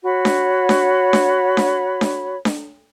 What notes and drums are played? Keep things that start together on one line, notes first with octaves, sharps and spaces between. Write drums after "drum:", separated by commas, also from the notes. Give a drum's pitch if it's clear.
F#4 C#5 B5
drum: snare D4
drum: snare D4
drum: snare D4
drum: snare D4
drum: snare D4
drum: snare D4